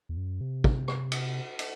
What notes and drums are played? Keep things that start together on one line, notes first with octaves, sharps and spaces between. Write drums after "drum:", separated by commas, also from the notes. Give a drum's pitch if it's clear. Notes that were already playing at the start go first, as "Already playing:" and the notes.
E2
F#2
C3
drum: kick
drum: rim click
drum: cymbal
drum: cymbal